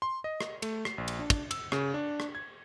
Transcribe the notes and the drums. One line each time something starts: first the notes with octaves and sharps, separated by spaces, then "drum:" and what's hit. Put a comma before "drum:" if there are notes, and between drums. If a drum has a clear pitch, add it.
C6
D#5
drum: rim click
A3, drum: cymbal
C7, drum: rim click
A#1
drum: cymbal
D4
drum: kick, cymbal
E6, drum: cymbal
C#3, drum: rim click
D4
drum: rim click
G#6